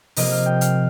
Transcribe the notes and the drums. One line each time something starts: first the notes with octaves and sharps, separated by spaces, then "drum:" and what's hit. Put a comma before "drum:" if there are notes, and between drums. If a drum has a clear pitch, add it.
C3 F3 A#3 D#5, drum: open hi-hat
F5
G5
F5, drum: hi-hat